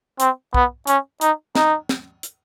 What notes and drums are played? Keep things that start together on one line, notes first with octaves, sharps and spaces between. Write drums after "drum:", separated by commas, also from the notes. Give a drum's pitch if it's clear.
C4, drum: hi-hat
B3, drum: kick
C#4, drum: hi-hat
D#4, drum: hi-hat
D#4, drum: snare
drum: snare
drum: hi-hat